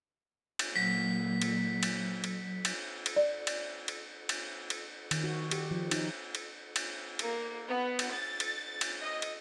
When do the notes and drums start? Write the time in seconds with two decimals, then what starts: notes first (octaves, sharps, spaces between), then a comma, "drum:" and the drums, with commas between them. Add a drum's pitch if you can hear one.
0.59 drum: cymbal
0.76 A#2 F#3 A#3 B6
1.42 drum: cymbal
1.83 drum: cymbal
2.24 drum: cymbal
2.65 drum: cymbal
3.06 drum: cymbal
3.16 D5
3.47 drum: cymbal
3.88 drum: cymbal
4.29 drum: cymbal
4.70 drum: cymbal
5.11 D#3, drum: cymbal
5.24 F#4
5.51 G4, drum: cymbal
5.71 F3
5.91 D#4, drum: cymbal
6.35 drum: cymbal
6.76 drum: cymbal
7.19 A#3, drum: cymbal
7.67 B3
7.99 drum: cymbal
8.13 A6
8.40 drum: cymbal
8.81 drum: cymbal
9.02 D#5
9.22 drum: cymbal